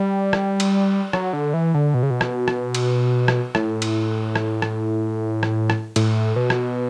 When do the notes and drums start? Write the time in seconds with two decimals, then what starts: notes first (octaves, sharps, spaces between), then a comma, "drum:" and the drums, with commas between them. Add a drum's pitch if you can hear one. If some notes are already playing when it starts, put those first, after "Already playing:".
Already playing: G3
0.33 drum: rim click
0.60 drum: cymbal
1.13 F#3, drum: rim click
1.33 D3
1.54 E3
1.74 D3
1.94 B2
2.03 C#3
2.10 B2
2.21 drum: rim click
2.48 drum: rim click
2.75 drum: cymbal
3.28 drum: rim click
3.55 A2, drum: rim click
3.82 drum: cymbal
4.35 drum: rim click
4.62 drum: rim click
5.43 drum: rim click
5.70 drum: rim click
5.96 A2, drum: cymbal
6.36 B2
6.50 drum: rim click